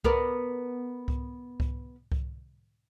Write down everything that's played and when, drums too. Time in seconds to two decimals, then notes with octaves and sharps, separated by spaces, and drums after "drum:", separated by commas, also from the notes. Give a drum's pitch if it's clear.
0.04 B3 A#4 D5, drum: kick C2
1.08 drum: kick C2
1.60 drum: kick C2
2.12 drum: kick C2